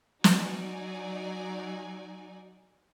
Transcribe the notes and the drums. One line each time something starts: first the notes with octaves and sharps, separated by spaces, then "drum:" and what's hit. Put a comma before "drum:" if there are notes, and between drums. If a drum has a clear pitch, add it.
F#3 D#4 D5 G#5, drum: snare